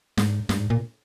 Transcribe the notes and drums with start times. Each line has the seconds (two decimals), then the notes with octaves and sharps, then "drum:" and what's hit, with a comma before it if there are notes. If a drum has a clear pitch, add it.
0.17 G#2, drum: snare
0.49 G2, drum: snare
0.59 G#2
0.70 A#2